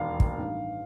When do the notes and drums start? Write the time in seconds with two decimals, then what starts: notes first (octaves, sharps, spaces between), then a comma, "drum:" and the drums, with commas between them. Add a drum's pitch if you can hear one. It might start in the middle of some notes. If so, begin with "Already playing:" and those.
Already playing: E1 D#2 D#3 A#3 F5
0.20 drum: kick
0.38 A1 G2 D#3